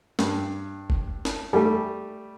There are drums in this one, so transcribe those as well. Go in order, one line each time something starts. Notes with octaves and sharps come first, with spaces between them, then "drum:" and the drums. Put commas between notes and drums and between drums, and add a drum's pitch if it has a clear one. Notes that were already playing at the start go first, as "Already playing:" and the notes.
G2, drum: snare
drum: kick F#1
drum: snare
G3 A3